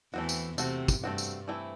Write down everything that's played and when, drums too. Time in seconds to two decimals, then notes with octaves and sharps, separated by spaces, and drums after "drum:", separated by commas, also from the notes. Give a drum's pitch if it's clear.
0.14 E2 E3 A3 C4 F#4
0.29 drum: tambourine
0.58 C3 A3 C4 F#4, drum: tambourine
0.88 drum: kick, tambourine
1.04 G2 A3 C4 F#4
1.18 drum: tambourine
1.48 E3 A3 C4 E4